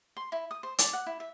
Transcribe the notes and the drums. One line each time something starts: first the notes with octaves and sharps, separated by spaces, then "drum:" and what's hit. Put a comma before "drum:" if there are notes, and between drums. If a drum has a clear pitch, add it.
C6
E4
D#6
C5
D5, drum: hi-hat
F#5
E4
E5